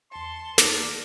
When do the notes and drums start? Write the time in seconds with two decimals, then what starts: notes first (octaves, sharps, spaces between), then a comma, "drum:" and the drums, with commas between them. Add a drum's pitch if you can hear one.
0.12 E2 A5 C6 C#7
0.58 E3 A#3 D#4 A#4 D5, drum: snare